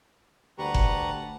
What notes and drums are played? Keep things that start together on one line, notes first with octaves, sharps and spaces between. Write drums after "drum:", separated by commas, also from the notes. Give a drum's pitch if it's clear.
D2 G3 B4 F#5 A5 A#5 C#6
drum: kick F#1